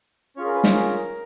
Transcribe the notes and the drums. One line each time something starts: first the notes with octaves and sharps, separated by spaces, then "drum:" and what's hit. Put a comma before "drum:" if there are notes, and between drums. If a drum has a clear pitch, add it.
C#4 F4 G#4 C#5
A#4
B4
C5, drum: snare
A#4